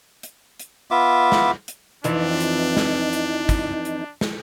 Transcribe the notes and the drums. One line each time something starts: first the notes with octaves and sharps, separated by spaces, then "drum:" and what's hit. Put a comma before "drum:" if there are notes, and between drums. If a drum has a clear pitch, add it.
drum: hi-hat
drum: hi-hat
B3 F4 E5 D6
drum: snare
drum: hi-hat
F2 E3 D4 D#4, drum: hi-hat
drum: hi-hat
drum: snare
drum: hi-hat
drum: kick, hi-hat
drum: hi-hat
drum: snare